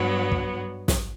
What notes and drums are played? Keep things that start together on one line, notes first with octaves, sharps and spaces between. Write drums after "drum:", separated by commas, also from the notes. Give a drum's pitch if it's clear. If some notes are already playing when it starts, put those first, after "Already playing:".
Already playing: G2 F#3 B3
drum: kick
drum: snare